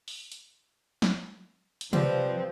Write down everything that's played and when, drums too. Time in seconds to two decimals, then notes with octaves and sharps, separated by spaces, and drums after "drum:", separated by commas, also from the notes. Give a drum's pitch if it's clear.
0.08 drum: open hi-hat
0.32 drum: hi-hat
1.02 drum: snare F3
1.81 drum: hi-hat
1.93 F3 G3 C4 B4, drum: tom C3